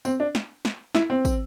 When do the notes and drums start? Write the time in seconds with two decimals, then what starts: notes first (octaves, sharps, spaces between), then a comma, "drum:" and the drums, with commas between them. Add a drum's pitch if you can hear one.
0.05 C4, drum: tambourine
0.20 D4
0.35 drum: snare
0.65 drum: snare
0.95 E4, drum: snare
1.10 C4
1.25 drum: kick, tambourine